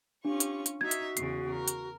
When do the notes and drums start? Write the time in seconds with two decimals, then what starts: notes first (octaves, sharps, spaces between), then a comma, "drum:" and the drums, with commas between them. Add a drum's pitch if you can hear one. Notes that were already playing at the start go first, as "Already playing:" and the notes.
0.25 C#4 D4 F4 G4 C#6
0.40 drum: hi-hat
0.66 drum: hi-hat
0.81 D#4 F#4 E5 G#6
0.91 drum: hi-hat
1.17 E2 C#3 C7, drum: hi-hat
1.51 A#4
1.68 drum: hi-hat